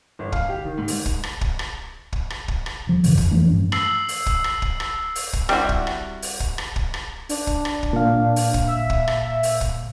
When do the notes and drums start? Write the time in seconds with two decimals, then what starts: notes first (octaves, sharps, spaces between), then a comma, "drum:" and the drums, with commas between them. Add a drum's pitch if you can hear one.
0.19 G1
0.32 F5, drum: kick
0.49 G4
0.64 D#3
0.77 G#2
0.88 drum: open hi-hat
1.06 drum: kick
1.23 drum: rim click
1.41 drum: kick
1.59 drum: rim click
2.13 drum: kick
2.30 drum: rim click
2.48 drum: kick
2.66 drum: rim click
2.87 E1 F3
3.04 E1 F#2 C#3 E3, drum: open hi-hat
3.18 F2, drum: kick
3.31 E3 F3 A3 D4
3.50 G2 C#4
3.72 E6 C7 F#7, drum: rim click
4.09 drum: open hi-hat
4.26 drum: kick
4.44 drum: rim click
4.62 drum: kick
4.80 drum: rim click
5.16 drum: open hi-hat
5.33 drum: kick
5.49 G3 C4 E4 F#4, drum: rim click
5.69 drum: kick
5.87 drum: rim click
6.22 drum: open hi-hat
6.40 drum: kick
6.58 drum: rim click
6.76 drum: kick
6.94 drum: rim click
7.29 D4, drum: open hi-hat
7.47 drum: kick
7.65 drum: rim click
7.83 drum: kick
7.93 A#2 F5
8.36 drum: open hi-hat
8.54 drum: kick
8.67 E5
8.90 drum: kick
9.08 drum: rim click
9.43 drum: open hi-hat
9.61 drum: kick